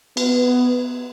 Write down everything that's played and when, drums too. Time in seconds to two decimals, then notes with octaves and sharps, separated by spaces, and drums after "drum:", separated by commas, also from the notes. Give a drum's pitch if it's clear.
0.17 B3, drum: cymbal